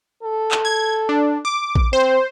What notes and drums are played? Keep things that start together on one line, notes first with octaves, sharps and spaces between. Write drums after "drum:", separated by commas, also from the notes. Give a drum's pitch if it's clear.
A4
drum: clap
G#6
D4
D6
drum: kick A1
C4 C5